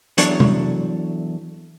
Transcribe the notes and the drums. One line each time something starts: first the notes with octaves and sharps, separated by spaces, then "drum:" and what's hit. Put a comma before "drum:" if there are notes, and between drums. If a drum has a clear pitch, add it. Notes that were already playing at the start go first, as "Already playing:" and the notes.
E2 F#3 D4 A4 C#5, drum: hi-hat
drum: tom C3